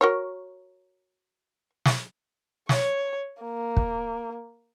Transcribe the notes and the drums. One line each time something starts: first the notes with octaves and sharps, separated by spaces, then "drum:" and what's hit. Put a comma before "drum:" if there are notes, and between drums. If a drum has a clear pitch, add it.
F#4 A#4 C#5
drum: snare
C#5, drum: snare
A#3
drum: kick